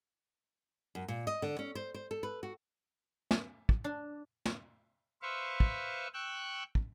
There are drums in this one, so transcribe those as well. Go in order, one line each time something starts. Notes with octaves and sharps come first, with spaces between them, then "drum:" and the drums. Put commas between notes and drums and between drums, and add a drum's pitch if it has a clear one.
F#2
A#2
D#5
D3
C#4
C5
C5
A4
B4
F#4
drum: snare
drum: kick
D4
drum: snare
B4 C5 E5 F5 C#6
drum: kick
G5 C#6 E6 F#6
drum: kick